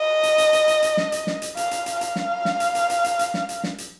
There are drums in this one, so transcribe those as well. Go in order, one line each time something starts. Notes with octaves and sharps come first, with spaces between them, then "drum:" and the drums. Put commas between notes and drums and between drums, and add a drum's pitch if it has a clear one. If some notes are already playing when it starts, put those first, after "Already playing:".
Already playing: D#5
drum: hi-hat
drum: hi-hat
drum: hi-hat
drum: hi-hat
drum: hi-hat
drum: snare
drum: hi-hat
drum: snare
drum: hi-hat
F5, drum: hi-hat
drum: hi-hat
drum: hi-hat
F5, drum: hi-hat
drum: snare
drum: snare
drum: hi-hat
drum: hi-hat
drum: hi-hat
drum: hi-hat
drum: hi-hat
drum: snare
drum: hi-hat
drum: snare
drum: hi-hat